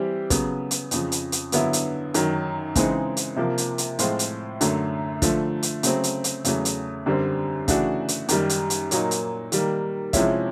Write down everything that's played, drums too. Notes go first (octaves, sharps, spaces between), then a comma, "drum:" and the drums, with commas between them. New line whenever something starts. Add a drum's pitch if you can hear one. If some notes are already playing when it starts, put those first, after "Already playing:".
Already playing: E3 G3 C4 G4
C#3 F#3 B3, drum: kick, hi-hat
drum: hi-hat
F2 C#3 F3, drum: hi-hat
drum: hi-hat
drum: hi-hat
G2 D3 F#3 B3 E4, drum: hi-hat
drum: hi-hat
F#2 D#3 F#3, drum: hi-hat
C#3 E3 G#3 C4 D#4, drum: kick, hi-hat
drum: hi-hat
C3 F3 A#3
drum: hi-hat
drum: hi-hat
A2 F3 G#3 C4 F4, drum: hi-hat
drum: hi-hat
F#2 D3 F#3 A3, drum: hi-hat
D3 F3 A3, drum: kick, hi-hat
drum: hi-hat
C#3 F#3 A3 C4, drum: hi-hat
drum: hi-hat
drum: hi-hat
E2 C#3 F#3 A3, drum: hi-hat
drum: hi-hat
F#2 D3 G3 C4
C#3 E3 A3 D4 F#4, drum: kick, hi-hat
drum: hi-hat
F#2 D#3 G3, drum: hi-hat
drum: hi-hat
drum: hi-hat
A#2 F#3 A#3 D#4, drum: hi-hat
drum: hi-hat
D#3 G3 A#3, drum: hi-hat
C3 F3 G#3 C#4 E4, drum: kick, hi-hat